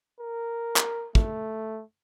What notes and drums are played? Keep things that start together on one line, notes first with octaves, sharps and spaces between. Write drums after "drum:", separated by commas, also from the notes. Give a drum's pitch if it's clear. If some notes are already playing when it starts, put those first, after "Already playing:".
A#4
drum: clap
A3, drum: kick